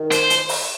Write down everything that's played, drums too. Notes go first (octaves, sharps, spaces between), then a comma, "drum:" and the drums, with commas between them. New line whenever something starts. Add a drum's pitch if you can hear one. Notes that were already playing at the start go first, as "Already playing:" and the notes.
Already playing: D#3
C5, drum: hi-hat
drum: hi-hat
drum: open hi-hat